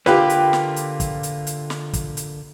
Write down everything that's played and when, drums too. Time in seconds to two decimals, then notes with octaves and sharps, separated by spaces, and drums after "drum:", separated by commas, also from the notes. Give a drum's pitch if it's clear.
0.06 D3 A#3 F4 G4 B4 E5 G5 B5, drum: snare
0.30 drum: hi-hat
0.53 drum: snare
0.76 drum: hi-hat
1.00 drum: kick, hi-hat
1.23 drum: hi-hat
1.47 drum: hi-hat
1.70 drum: snare
1.93 drum: kick, hi-hat
2.17 drum: hi-hat